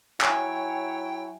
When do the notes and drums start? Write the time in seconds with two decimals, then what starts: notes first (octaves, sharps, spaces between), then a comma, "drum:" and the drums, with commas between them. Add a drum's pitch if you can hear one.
0.21 F#3 E4 C#5 G5 G#5, drum: clap